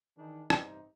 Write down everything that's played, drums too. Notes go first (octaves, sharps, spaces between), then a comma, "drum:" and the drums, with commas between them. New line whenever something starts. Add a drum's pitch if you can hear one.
D#3 E3 D4 D#4 G#4
A1 G2 C3 D#4, drum: rim click